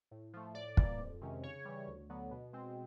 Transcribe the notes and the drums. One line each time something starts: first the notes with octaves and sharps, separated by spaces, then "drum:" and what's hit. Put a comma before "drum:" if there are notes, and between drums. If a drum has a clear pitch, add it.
A2
F3 A3
A2 D5
E3 G3 A#3, drum: kick
F2
C3 D#3 G#3 C#4
C#3 C#5
E3 G3
D2
D3 F#3 B3
B2
G#3 C4